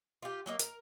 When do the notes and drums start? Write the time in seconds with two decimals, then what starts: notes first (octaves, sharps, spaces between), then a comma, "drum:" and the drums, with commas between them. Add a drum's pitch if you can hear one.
0.22 F4 G4
0.46 F#3 A#3 D#5
0.59 A#4, drum: hi-hat